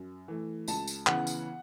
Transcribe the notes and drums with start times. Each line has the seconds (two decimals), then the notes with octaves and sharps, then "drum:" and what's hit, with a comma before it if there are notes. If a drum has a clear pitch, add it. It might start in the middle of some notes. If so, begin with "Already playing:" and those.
Already playing: F#2
0.28 E3 A3
0.68 C#2 A5, drum: tambourine
0.87 drum: tambourine
1.07 C#3 E3 B3 F#5, drum: clap
1.27 drum: tambourine